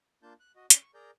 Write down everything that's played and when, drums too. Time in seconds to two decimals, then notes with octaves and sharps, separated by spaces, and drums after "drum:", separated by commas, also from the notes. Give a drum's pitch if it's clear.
0.23 A#3 D4 F4 A5 G6
0.40 F#6
0.56 F#4 D#5
0.70 C#4 D5, drum: hi-hat
0.82 C#6
0.94 G#4 A#4 D5 A#5 G6